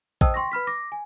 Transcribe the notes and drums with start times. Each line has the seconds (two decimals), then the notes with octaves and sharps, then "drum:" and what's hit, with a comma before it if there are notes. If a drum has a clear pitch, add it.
0.21 C5 D#5 G5 A5 D#6 E6, drum: kick A#1
0.34 G5 C6 C#6 A#6
0.52 B4 B5 F6 B6
0.67 D6 A#6
0.92 G#5